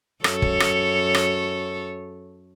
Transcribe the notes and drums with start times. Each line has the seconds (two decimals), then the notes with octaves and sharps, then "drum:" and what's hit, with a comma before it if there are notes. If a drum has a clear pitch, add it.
0.24 F#2 A4 C#5, drum: rim click
0.42 drum: kick
0.60 drum: rim click
1.14 drum: rim click